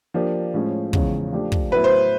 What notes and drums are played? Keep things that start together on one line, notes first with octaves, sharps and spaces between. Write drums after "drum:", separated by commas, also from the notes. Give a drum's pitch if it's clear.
F3 A#3 D4 G4
A2 F3 G#3 C#4
E2 C#3 F3 G#3 C#4, drum: kick
F3 A3 D4 G4
drum: kick
A2 F#3 B3 E4 B4
C5